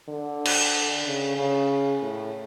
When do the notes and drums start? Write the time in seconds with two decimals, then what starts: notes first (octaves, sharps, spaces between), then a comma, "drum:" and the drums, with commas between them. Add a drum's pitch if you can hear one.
0.08 D3
0.45 drum: cymbal
1.06 C#3
1.37 C#3
2.02 A2